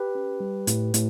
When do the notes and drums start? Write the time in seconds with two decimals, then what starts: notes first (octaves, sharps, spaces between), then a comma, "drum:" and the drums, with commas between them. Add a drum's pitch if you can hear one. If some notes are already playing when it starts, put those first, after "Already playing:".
Already playing: G4 B4
0.15 C#4
0.40 G3
0.67 A2, drum: hi-hat
0.94 A2, drum: hi-hat